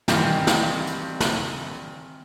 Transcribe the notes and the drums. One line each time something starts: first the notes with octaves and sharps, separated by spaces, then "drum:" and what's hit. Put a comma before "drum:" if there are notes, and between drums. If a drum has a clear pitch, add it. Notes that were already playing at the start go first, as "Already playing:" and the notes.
G2 D#3 E3 C4 D#5 G5, drum: snare
drum: snare
drum: hi-hat
drum: snare